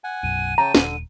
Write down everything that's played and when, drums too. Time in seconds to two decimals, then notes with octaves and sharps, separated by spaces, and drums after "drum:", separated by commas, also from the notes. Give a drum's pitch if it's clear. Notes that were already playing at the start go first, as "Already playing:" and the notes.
0.04 F#5 G#5
0.23 B1 F#2 D#7
0.58 C#3 G5 A5 A#5
0.75 D#1 D3, drum: snare